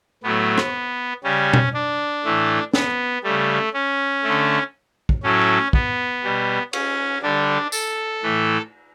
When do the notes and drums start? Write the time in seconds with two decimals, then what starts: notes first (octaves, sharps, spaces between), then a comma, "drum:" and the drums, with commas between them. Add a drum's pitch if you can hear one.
0.24 A2 F#3 A3 B3
0.58 drum: rim click
1.24 C#3 G3 C#4
1.54 drum: tom B2
1.74 D4
2.24 A2 E3 A3
2.73 B3, drum: snare
3.23 C#3 G3 A3
3.73 C#4
4.24 D3 A3
5.09 drum: kick
5.23 A2 F#3 A3 C#4
5.73 B3, drum: kick
6.24 B2 G3
6.73 C#4, drum: cymbal
7.22 D3 G3 D4
7.72 A4, drum: tambourine
8.23 A2 E3 A3